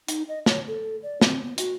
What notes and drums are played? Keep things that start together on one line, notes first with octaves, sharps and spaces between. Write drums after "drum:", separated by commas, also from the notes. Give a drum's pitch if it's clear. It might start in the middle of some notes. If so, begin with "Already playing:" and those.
D#4, drum: hi-hat
D#5
C#5, drum: snare
A4
D5
C4, drum: snare
B3
F#4, drum: hi-hat